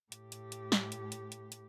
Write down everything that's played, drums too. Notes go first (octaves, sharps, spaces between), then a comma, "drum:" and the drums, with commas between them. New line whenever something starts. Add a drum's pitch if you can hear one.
A2 G4, drum: hi-hat
drum: hi-hat
drum: hi-hat
drum: snare
drum: hi-hat
drum: hi-hat
drum: hi-hat
drum: hi-hat